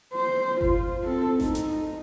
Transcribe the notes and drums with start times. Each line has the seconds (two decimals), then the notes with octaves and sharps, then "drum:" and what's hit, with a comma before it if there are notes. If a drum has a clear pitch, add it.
0.13 C5
0.61 F4, drum: kick G1
1.04 C4 A4
1.40 D#4, drum: snare A1
1.55 drum: hi-hat